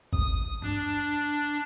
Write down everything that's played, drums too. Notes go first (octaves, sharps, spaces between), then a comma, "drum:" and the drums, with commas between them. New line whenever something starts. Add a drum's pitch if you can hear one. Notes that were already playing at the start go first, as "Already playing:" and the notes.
D#6, drum: kick G#1
D4, drum: tom G2